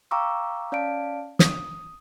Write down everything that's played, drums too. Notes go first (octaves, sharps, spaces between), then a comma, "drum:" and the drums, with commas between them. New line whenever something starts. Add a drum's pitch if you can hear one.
F5 G5 A#5 C#6 D6 E6
C#4 D5 F5 A5 D7
D#6, drum: snare